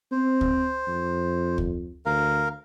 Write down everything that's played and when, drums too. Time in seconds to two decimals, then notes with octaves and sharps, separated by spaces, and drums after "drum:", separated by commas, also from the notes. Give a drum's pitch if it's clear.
0.12 C4 C5
0.41 drum: kick
0.87 F2
1.58 drum: kick
2.06 D2 A#4 F5